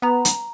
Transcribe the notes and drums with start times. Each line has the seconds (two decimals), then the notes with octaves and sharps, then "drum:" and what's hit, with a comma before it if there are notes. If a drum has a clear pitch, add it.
0.02 B3 A#5
0.25 drum: hi-hat